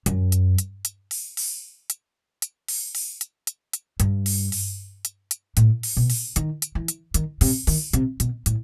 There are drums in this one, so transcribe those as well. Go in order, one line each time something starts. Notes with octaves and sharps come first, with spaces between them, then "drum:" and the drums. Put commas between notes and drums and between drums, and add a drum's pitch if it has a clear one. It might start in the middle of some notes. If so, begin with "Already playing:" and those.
F#2, drum: hi-hat
drum: hi-hat
drum: hi-hat
drum: hi-hat
drum: open hi-hat
drum: open hi-hat
drum: hi-hat
drum: hi-hat
drum: open hi-hat
drum: open hi-hat
drum: hi-hat
drum: hi-hat
drum: hi-hat
G2, drum: hi-hat
drum: open hi-hat
drum: open hi-hat
drum: hi-hat
drum: hi-hat
A2, drum: hi-hat
drum: open hi-hat
B2
drum: open hi-hat
D#3, drum: hi-hat
drum: hi-hat
E3
drum: hi-hat
D#3, drum: hi-hat
C3, drum: open hi-hat
D#3, drum: open hi-hat
C3, drum: hi-hat
B2, drum: hi-hat
A2, drum: hi-hat